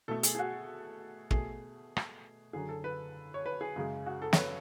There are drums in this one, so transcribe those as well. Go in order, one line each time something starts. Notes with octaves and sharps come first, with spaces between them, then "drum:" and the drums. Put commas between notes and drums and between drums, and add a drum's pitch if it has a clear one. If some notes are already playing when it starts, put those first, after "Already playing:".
B2 A3 A4
G#4, drum: hi-hat
G#4
F#4
B2 A3 G#4, drum: kick
drum: rim click
F#2 D3 F#3 G#4
A4
B4
C#5
B4
G#4
F#2 C#3 G#3
F#4
A4
C#5, drum: snare
B4